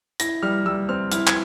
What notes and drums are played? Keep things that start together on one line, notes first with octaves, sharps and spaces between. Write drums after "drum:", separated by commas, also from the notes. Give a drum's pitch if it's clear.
E4 A#6, drum: hi-hat
G3 F6
G3 E6
C4 F6
E4 F6, drum: hi-hat
G#6, drum: clap